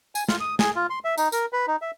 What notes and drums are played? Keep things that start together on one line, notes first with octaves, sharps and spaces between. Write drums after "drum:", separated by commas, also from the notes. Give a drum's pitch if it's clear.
G#5, drum: tambourine
F4, drum: snare
D#6
G#4, drum: snare
F4
C6
E5
D#4, drum: tambourine
A#4, drum: tambourine
B4
D#4
E5